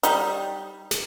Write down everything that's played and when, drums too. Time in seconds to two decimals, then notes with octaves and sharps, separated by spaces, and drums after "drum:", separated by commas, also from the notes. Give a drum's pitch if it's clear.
0.03 G3 D#4, drum: hi-hat
0.91 drum: snare